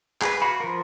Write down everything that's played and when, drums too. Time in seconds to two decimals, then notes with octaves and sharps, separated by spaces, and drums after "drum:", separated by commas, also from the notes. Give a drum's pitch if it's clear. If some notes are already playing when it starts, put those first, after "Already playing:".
0.22 G#4 B4, drum: clap
0.42 F#4 F5 B5
0.60 F3 A#4